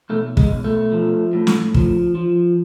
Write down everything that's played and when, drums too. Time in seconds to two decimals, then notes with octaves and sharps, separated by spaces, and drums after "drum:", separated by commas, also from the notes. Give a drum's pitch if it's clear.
0.10 B1 A3
0.37 G#3, drum: kick
0.51 B1
0.64 A3
0.92 F3
1.33 A2
1.47 drum: snare
1.74 F3, drum: kick
2.15 F3